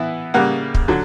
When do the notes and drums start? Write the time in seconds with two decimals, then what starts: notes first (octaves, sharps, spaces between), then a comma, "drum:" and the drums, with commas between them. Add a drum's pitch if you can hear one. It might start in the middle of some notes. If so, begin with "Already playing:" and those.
Already playing: E3 B3 E4
0.34 C#3 G3 A#3 F#5
0.74 drum: kick
0.88 D3 F#3